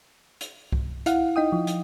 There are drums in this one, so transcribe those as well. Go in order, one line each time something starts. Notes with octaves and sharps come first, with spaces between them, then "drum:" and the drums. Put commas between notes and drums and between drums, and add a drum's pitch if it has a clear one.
drum: hi-hat
drum: kick C2
E4 F5 F#5, drum: hi-hat
D#4 D#5 G5 D#6
F3
drum: hi-hat